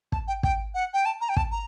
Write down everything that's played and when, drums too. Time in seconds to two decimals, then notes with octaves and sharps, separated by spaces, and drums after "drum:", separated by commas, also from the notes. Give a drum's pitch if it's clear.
0.12 A5, drum: kick
0.28 G5
0.43 G5, drum: kick
0.74 F#5
0.93 G5
1.05 A5
1.21 A#5
1.29 G5
1.37 A5, drum: kick
1.51 A#5